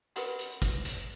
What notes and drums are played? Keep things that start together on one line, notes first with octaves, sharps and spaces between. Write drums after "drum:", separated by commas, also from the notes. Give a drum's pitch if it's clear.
G4 A#4 B4 F#5 B5 C6, drum: hi-hat
drum: hi-hat
drum: kick, hi-hat
drum: hi-hat